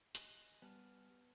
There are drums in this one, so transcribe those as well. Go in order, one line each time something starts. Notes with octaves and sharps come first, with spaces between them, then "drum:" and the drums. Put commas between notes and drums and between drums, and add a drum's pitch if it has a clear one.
D#5 G#5 F#6, drum: hi-hat
G3 B3 G#5 A5 F6